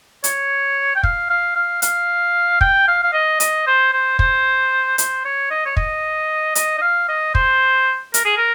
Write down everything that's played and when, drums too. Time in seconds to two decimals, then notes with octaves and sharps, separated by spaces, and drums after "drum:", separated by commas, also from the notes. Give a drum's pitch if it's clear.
0.24 C#5, drum: hi-hat
0.96 G5
1.03 F5, drum: kick
1.30 F5
1.55 F5
1.82 F5, drum: hi-hat
2.61 G5, drum: kick
2.88 F5
3.03 F5
3.13 D#5
3.40 D#5, drum: hi-hat
3.67 C5
3.93 C5
4.19 C5, drum: kick
4.98 C5, drum: hi-hat
5.25 C#5
5.51 D#5
5.66 C#5
5.77 D#5, drum: kick
6.55 D#5, drum: hi-hat
6.78 D#5
6.82 F5
7.08 D#5
7.35 C5, drum: kick
8.14 A#4, drum: hi-hat
8.25 G#4
8.37 A#4